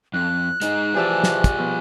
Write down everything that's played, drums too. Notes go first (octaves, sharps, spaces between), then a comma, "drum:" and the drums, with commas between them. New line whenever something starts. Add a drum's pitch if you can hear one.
F2 F#6
G#3 D#4, drum: hi-hat
E3 F3 F4 G4 G#4 D5 E5
drum: snare
drum: kick, hi-hat
B2 F3